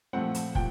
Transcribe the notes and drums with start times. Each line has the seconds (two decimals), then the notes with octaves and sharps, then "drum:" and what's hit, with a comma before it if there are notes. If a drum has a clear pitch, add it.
0.13 A#2 F3 A3 C4 F#5
0.35 drum: hi-hat
0.55 A#2 G5, drum: kick